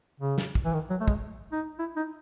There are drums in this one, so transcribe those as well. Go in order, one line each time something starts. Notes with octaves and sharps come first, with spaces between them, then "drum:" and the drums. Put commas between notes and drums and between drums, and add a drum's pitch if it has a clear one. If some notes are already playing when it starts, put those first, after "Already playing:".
C#3
drum: snare
drum: kick
E3
D#3
F#3
A3
G#3, drum: kick
D#4
E4
D#4